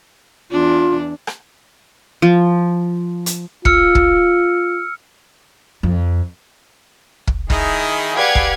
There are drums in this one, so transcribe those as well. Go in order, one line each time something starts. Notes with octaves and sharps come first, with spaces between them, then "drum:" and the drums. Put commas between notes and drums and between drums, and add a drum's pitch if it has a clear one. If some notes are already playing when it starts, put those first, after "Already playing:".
E2 D4 F4
drum: rim click
F3
drum: hi-hat
F4 E6 F6 C#7, drum: kick
drum: kick
F2
drum: kick
D#3 D#4 E4 G#4 B5, drum: kick
G4 B4 D5 F5 F#5 G#6
drum: kick